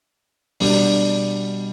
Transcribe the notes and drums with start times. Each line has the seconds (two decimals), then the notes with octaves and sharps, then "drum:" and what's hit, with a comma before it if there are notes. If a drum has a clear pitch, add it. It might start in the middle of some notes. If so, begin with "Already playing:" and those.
0.60 B2 G3 D4, drum: open hi-hat